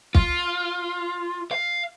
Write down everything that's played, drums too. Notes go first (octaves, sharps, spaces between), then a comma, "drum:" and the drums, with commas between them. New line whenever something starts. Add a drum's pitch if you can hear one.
F4, drum: kick
F5